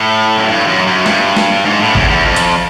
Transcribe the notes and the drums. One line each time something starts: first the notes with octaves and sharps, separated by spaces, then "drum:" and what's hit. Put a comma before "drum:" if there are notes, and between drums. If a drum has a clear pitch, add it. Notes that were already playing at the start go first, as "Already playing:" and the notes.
Already playing: A2
F#2
G2
F#2
F#2
G2, drum: snare
drum: snare
G#2
A2
E2, drum: kick G#1
E2
F2
drum: hi-hat